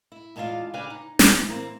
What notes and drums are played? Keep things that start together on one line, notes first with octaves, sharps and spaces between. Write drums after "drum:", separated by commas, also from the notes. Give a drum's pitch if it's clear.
E4
E2 G#3 D4 D#4 F4 F5
C#3 D4 G4 B4 F5 G#5
D#4
E3 G3 G#3, drum: snare
E3 A#3 C4